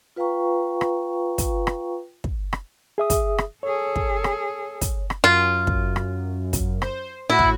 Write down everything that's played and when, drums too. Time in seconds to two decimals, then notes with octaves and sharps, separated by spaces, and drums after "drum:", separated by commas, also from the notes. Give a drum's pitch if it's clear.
0.16 F4 B4 F5 G5 A#5 C#6
0.81 drum: rim click
1.38 drum: kick, hi-hat
1.67 drum: rim click
2.24 drum: kick
2.53 drum: rim click
2.98 G#4 E5 D#6
3.10 drum: kick, hi-hat
3.38 drum: rim click
3.63 G#4 A4 C#5
3.96 drum: kick
4.24 drum: rim click
4.81 drum: kick, hi-hat
5.10 drum: rim click
5.24 F#2 F4
5.67 drum: kick
5.96 drum: rim click
6.53 drum: kick, hi-hat
6.82 C5, drum: rim click
7.30 A2 E4 F#4
7.39 drum: kick